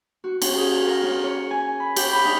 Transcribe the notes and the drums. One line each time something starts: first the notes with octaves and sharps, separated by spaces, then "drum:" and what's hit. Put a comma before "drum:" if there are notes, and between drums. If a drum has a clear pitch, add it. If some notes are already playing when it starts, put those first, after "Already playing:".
F#4
C#4, drum: cymbal
G#4
A#4
C#4
C#5
G#5
B5
G4, drum: cymbal
B5
D#4